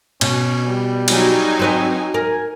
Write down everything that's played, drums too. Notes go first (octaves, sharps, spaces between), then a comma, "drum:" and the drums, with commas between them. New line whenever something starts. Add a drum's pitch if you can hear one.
B2 C#4, drum: cymbal
G3
F#3 D#4 G#5, drum: cymbal
C4 B4 C#5
A#4 G#5